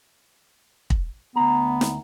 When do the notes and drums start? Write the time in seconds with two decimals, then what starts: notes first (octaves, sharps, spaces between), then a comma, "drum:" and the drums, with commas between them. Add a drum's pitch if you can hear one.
0.90 drum: kick
1.36 D2 B3 A#5
1.81 drum: snare